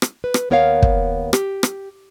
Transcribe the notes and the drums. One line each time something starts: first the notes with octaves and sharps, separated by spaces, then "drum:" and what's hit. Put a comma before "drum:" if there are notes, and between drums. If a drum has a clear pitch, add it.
drum: rim click
B4
drum: rim click
D#2 B3 A#4 C#5 D#5 F5
drum: kick
G4, drum: rim click
drum: rim click